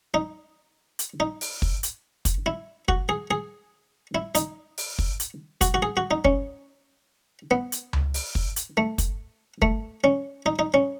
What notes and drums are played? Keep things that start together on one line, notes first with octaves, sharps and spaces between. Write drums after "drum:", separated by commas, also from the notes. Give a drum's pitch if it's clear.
D#4
drum: hi-hat
D#4
drum: open hi-hat
drum: kick
drum: hi-hat
drum: kick, hi-hat
E4
F#4, drum: kick
G#4
G#4
E4
D#4, drum: hi-hat
drum: open hi-hat
drum: kick
drum: hi-hat
F#4, drum: kick, hi-hat
F#4
G#4
F#4
D#4
C#4, drum: kick
B3
drum: hi-hat
drum: tom C#2
drum: open hi-hat
drum: kick
drum: hi-hat
A3
drum: kick, hi-hat
A3, drum: kick
C#4
D#4
D#4
C#4